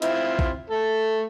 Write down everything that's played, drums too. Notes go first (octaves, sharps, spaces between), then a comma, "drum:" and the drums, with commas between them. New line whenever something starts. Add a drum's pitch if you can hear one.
C4 E4 F4, drum: hi-hat
drum: kick B1
A3 A4